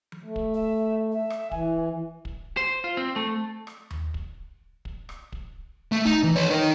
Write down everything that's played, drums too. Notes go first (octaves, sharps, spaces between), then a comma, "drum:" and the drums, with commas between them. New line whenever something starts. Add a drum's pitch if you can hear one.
drum: tom F3
A3
drum: kick
E5
E5
drum: rim click
E3 G#5, drum: kick
drum: kick
C5
F4
C4
A3
drum: rim click
drum: tom D#2
drum: kick
drum: kick
drum: rim click
drum: kick
A3
D#4, drum: kick
E3
B4 C#5
D#4 A#4